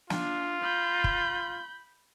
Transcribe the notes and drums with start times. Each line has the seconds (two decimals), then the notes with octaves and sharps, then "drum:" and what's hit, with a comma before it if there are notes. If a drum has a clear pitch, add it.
0.10 D4 F4, drum: snare
0.62 B5 G6
1.04 drum: kick